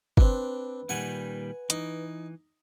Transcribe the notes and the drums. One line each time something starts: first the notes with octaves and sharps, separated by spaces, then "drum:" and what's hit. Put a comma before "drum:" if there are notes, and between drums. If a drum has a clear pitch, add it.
C4 D4 B4, drum: kick
A#2 D#3 G3 F#5 G#5
E3 D#4, drum: hi-hat